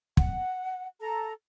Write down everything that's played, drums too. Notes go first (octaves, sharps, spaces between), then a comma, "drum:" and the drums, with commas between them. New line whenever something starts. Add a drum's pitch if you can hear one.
F#5, drum: kick
A4 A#5